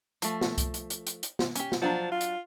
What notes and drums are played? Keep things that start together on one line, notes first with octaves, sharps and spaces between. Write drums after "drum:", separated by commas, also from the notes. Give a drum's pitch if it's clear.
F3 A3, drum: hi-hat
drum: snare
drum: kick C2, hi-hat
drum: hi-hat
drum: hi-hat
drum: hi-hat
drum: hi-hat
drum: snare
C#4 G4, drum: hi-hat
drum: snare
F3 F#3 D4 F#5
F4
drum: hi-hat